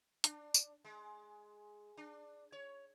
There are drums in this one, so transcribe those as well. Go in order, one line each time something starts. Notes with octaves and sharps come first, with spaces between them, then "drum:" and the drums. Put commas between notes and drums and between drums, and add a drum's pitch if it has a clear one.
D4, drum: hi-hat
drum: tambourine
G#3
D4
C#5